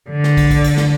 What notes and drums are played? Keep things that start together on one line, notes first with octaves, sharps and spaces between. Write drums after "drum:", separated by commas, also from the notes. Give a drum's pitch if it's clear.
D3
drum: snare
drum: kick, cymbal
drum: kick, cymbal
drum: cymbal
drum: snare